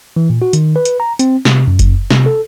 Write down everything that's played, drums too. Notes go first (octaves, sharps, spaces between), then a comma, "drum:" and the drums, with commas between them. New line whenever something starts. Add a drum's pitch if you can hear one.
E3
A#2
F#4
D#3, drum: hi-hat
B4
drum: hi-hat
A#5
C4, drum: hi-hat
C3, drum: snare
F#2
drum: kick F#1, hi-hat
C3, drum: snare
A4